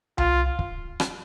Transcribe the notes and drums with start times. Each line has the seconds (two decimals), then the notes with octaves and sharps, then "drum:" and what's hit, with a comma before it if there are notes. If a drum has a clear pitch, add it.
0.18 F4, drum: tom C2
0.59 drum: kick
1.00 drum: rim click